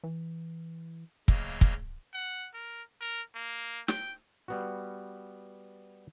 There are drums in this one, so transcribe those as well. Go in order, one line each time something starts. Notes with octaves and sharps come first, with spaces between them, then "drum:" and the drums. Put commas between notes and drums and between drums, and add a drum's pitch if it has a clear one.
E3
D2 C#3 F#3 A#3 C#5 D#5, drum: kick
drum: kick
F#5
A#4
A#4
A#3
G5, drum: snare
G3 B3 F#4